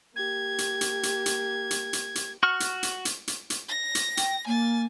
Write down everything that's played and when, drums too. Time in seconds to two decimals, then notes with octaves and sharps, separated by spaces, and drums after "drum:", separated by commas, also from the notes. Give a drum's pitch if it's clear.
0.16 A#3 G4 G#6
0.58 drum: hi-hat
0.81 drum: hi-hat
1.03 drum: hi-hat
1.26 drum: hi-hat
1.71 drum: hi-hat
1.93 drum: hi-hat
2.15 drum: hi-hat
2.43 F#4 C#6 F6
2.60 drum: hi-hat
2.83 drum: hi-hat
3.05 drum: hi-hat
3.28 drum: hi-hat
3.50 drum: hi-hat
3.68 A#6
3.95 drum: hi-hat
4.17 G5, drum: hi-hat
4.47 A#3 G#5 A6